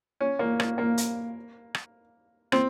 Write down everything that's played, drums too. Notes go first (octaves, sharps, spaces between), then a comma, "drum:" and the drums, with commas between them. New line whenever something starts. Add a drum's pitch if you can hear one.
C#4
A#3
A#3, drum: rim click
A#3
drum: hi-hat
drum: rim click
C4, drum: rim click